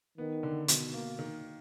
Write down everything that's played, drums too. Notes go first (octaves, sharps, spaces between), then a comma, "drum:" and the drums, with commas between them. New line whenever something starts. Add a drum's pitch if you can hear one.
D#3 B3
D3
B2, drum: hi-hat
A#3
D#3